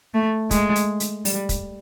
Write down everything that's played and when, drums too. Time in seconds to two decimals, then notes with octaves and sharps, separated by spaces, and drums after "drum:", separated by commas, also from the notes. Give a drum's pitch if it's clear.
0.14 A3
0.51 G#3, drum: kick, hi-hat
0.75 drum: hi-hat
1.00 drum: hi-hat
1.25 G3, drum: open hi-hat
1.49 drum: kick, hi-hat